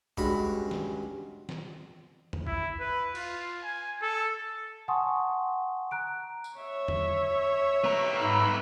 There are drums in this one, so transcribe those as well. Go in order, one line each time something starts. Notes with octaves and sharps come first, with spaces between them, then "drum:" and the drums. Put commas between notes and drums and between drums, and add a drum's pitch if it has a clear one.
C#2 G2 F#4 B5, drum: kick
drum: snare
drum: snare
drum: tom E2
E4, drum: kick
B4
F4, drum: cymbal
G#5
A4
F#5 G#5 A5 C6 C#6 D#6
A#5 F#6 D7
drum: tambourine
C#5 E5
drum: tom E2
B3 A#5
G#2 B5 E6